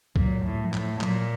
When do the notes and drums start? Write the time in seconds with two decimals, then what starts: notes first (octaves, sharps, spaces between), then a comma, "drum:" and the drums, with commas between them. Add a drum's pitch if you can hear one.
0.16 A#2 F#3, drum: kick C#2
0.44 A2
0.59 F3
0.74 A2, drum: clap
1.01 A#2 F#3, drum: clap